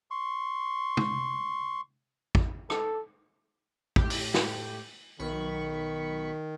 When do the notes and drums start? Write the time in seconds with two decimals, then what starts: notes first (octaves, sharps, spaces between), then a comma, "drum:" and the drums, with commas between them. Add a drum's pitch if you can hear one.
0.11 C6 C#6
0.97 drum: tom
2.35 drum: kick
2.70 A4, drum: rim click
3.96 A2 G4, drum: kick
4.10 drum: open hi-hat
4.34 drum: snare
5.19 B1 D#3 B5 C#6